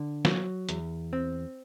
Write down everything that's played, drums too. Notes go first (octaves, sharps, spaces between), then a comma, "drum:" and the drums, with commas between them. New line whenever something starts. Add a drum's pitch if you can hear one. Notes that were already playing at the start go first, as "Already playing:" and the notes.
Already playing: D3
F#3, drum: snare
E2, drum: hi-hat
C4